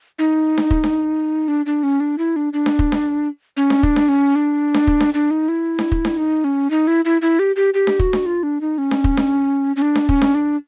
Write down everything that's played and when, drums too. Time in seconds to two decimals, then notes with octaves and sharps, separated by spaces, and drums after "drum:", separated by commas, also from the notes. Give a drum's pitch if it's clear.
0.19 D#4
0.58 drum: snare D4
0.71 drum: kick
0.84 drum: snare D4
1.48 D4
1.66 D4
1.83 C#4
2.00 D4
2.18 E4
2.36 D4
2.53 D4
2.66 drum: snare D4
2.79 drum: kick
2.92 drum: snare D4
3.57 C#4
3.70 drum: snare D4
3.83 D4, drum: kick
3.96 drum: snare D4
4.09 C#4
4.36 D4
4.74 drum: snare D4
4.87 drum: kick
5.00 drum: snare D4
5.14 D4
5.31 D#4
5.49 E4
5.79 drum: snare D4
5.92 drum: kick
6.05 drum: snare D4
6.17 D#4
6.44 C#4
6.70 D#4
6.87 E4
7.05 E4
7.22 E4
7.39 G4
7.56 G4
7.74 G4
7.87 drum: snare D4
7.99 F#4, drum: kick
8.13 drum: snare D4
8.26 F4
8.43 D4
8.61 D#4
8.78 C#4
8.91 drum: snare D4
9.04 drum: kick
9.17 drum: snare D4
9.76 C#4
9.82 D4
9.95 drum: snare D4
10.09 C#4, drum: kick
10.22 drum: snare D4
10.35 D4